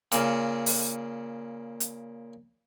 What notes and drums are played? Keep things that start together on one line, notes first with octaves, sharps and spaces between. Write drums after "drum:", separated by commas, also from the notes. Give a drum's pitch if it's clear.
A#2 C#3, drum: hi-hat
drum: open hi-hat
drum: hi-hat